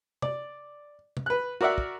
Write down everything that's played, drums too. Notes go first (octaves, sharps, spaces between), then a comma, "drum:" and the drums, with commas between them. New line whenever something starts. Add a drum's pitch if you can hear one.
D5, drum: tom C3
drum: tom C3
B4 F#6
F#4 A#4 D5 E5 F#5
drum: kick